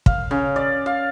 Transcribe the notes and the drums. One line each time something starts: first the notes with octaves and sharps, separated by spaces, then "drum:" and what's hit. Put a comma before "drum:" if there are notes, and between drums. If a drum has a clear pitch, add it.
F5, drum: kick
C#3
D5
F5